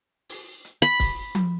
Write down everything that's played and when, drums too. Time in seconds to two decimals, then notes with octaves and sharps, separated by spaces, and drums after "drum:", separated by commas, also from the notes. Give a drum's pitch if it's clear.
0.29 drum: open hi-hat
0.65 drum: hi-hat
0.82 B5
1.00 drum: kick, open hi-hat
1.35 drum: tom F3